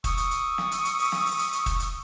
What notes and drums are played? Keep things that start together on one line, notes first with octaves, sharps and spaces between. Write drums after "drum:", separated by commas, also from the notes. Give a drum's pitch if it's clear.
C#6 D#6 E6, drum: kick, hi-hat
drum: hi-hat
drum: hi-hat
drum: snare
drum: hi-hat
drum: hi-hat
drum: open hi-hat
drum: snare
drum: open hi-hat
drum: hi-hat
drum: hi-hat
drum: kick, hi-hat
drum: hi-hat